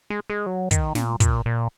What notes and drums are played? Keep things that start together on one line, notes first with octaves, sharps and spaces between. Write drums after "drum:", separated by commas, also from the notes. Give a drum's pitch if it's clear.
G#3
G#3
F#3
D#3, drum: kick, hi-hat
A#2, drum: snare
A#2, drum: kick, hi-hat
A#2